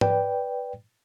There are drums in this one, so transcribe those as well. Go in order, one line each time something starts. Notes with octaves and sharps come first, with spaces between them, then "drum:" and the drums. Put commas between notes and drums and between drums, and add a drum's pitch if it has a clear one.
B4 D5 G5, drum: tom G#2